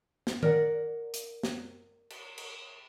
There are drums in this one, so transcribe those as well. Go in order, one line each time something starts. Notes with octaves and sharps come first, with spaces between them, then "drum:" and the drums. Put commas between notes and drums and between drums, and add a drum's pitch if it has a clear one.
drum: snare
A#4 D5 F#5, drum: tom D#3
drum: hi-hat
drum: snare
drum: cymbal
drum: cymbal